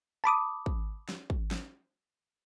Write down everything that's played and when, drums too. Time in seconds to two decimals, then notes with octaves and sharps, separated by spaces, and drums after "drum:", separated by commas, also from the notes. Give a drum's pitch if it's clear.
0.24 A5 B5 D6 D#6
0.66 drum: kick
1.09 drum: snare
1.30 drum: kick
1.51 drum: snare